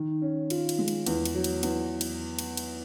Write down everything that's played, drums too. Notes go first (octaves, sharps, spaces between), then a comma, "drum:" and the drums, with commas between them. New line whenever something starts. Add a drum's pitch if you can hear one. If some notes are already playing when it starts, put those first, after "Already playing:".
Already playing: D#3
C#4
F4, drum: cymbal
drum: cymbal
G#3
drum: cymbal
E2, drum: cymbal
drum: cymbal
F#3
drum: cymbal
E2, drum: cymbal
drum: cymbal
drum: cymbal
drum: cymbal